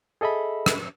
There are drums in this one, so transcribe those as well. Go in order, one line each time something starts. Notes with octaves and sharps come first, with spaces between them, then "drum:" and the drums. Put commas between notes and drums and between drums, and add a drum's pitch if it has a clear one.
G#4 A4 D#5 E5 B5
drum: rim click